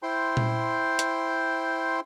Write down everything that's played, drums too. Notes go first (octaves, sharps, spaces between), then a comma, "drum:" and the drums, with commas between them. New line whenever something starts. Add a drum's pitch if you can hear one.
E4 C5 G5 C6
drum: tom A#2
drum: hi-hat